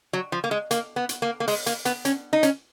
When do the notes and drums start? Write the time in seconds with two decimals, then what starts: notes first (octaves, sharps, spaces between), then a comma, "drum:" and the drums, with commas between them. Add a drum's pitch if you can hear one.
0.13 F#3
0.32 F3
0.44 A#3
0.51 G#3
0.71 A#3, drum: hi-hat
0.96 B3
1.09 drum: hi-hat
1.22 A#3
1.40 A#3
1.48 G#3, drum: open hi-hat
1.66 A#3, drum: hi-hat
1.85 B3, drum: hi-hat
2.05 C#4, drum: hi-hat
2.33 D#4
2.43 C#4, drum: hi-hat